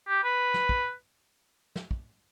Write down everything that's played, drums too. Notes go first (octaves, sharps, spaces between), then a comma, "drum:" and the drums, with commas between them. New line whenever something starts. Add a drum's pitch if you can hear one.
G4
B4
drum: snare
drum: kick
drum: snare
drum: kick